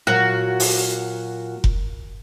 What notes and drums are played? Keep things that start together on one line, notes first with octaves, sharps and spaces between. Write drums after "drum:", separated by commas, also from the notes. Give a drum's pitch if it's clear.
A#2 F#3 F#4
drum: open hi-hat
drum: kick F1